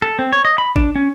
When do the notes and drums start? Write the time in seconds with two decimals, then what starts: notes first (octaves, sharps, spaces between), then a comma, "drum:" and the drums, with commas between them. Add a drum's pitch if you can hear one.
0.02 A4
0.19 C4
0.32 C#5
0.45 D#5
0.58 B5
0.76 D4, drum: kick G#1
0.96 C#4